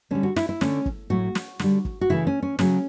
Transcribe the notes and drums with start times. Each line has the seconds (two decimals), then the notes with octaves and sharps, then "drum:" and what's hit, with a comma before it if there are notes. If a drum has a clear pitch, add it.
0.11 D3 G3 C#4
0.23 F#4
0.36 E4, drum: snare
0.49 E4
0.61 D3 A3 C#4, drum: snare
0.86 drum: kick
1.10 A2 F#3 A3 F#4
1.35 drum: snare
1.59 D3 G3, drum: snare
1.85 drum: kick
2.01 F#4
2.10 C#3 E3 A3 E4
2.27 C#4
2.42 C#4
2.59 C#3 F#3 A3 C#4, drum: snare